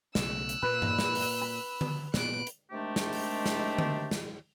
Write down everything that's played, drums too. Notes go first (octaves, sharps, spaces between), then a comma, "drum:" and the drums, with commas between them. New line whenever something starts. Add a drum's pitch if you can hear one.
B1 C#3 A3 E6 F#6, drum: snare
drum: hi-hat
A#2 A#3 B4
drum: tom G2
drum: snare
drum: open hi-hat
B5
drum: tom D3
A#2 B3 F#6 D7, drum: snare
drum: hi-hat
C3 D#3 G#3 A3 D4 G4
drum: snare
drum: open hi-hat
drum: snare
drum: tom D3
drum: snare